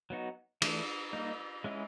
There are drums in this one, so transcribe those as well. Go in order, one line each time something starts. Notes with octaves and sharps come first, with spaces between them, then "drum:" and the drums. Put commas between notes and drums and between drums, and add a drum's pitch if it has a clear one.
F#3 B3 D#4 F#4
E3 A3 D4, drum: cymbal
G3 A#3 D#4
G#3 C#4 E4 G#4